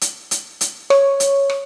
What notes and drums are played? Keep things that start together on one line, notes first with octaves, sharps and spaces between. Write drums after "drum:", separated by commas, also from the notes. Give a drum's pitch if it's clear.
drum: hi-hat
drum: hi-hat
drum: hi-hat
C#5, drum: rim click
drum: hi-hat
drum: rim click